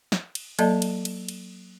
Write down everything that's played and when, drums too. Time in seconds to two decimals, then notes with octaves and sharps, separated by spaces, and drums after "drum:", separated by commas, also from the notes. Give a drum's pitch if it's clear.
0.12 drum: snare
0.35 drum: cymbal
0.59 F#3 A#3 A4 D5 D#5 A5, drum: cymbal
0.82 drum: cymbal
1.05 drum: cymbal
1.29 drum: cymbal